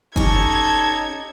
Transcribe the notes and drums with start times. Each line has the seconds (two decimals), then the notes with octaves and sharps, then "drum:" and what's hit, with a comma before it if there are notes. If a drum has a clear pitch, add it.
0.16 C#4 D#4 G4 A4 G#6, drum: kick F#1